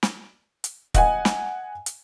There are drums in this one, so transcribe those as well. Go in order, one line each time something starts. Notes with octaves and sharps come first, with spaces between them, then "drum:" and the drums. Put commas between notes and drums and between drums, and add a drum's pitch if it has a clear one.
drum: snare
drum: hi-hat
D#5 F#5 G#5, drum: kick, hi-hat
drum: snare
drum: hi-hat